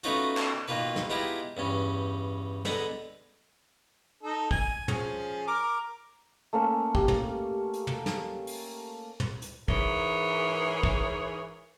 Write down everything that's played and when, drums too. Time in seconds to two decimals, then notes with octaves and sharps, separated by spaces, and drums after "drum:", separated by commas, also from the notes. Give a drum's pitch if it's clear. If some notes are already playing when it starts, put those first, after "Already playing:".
0.04 A3 B3 C#4 D#4 F4 F#4, drum: hi-hat
0.37 drum: clap
0.68 B2 D#3 A#3 F4 B4
0.96 drum: snare
1.10 G#3 B3 E4 F4 G4 A#4
1.57 E2 G2 C#4
2.65 D3 G#3 B3 A#5 B5, drum: snare
4.23 D#4 A4
4.51 G#5, drum: kick
4.88 F3 C#4 G#4, drum: tom
5.48 A#4 D6
6.53 A3 A#3 C#4
6.95 G4, drum: kick
7.08 drum: tom
7.74 drum: hi-hat
7.87 drum: tom
8.06 drum: snare
8.47 drum: open hi-hat
9.20 drum: tom
9.42 drum: hi-hat
9.68 G#2 E3 G#4 A#4 C#5, drum: kick
10.83 drum: kick